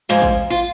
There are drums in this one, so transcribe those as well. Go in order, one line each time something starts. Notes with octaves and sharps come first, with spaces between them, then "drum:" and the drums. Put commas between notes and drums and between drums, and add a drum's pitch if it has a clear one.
G#2 F3 G#3
drum: kick
F4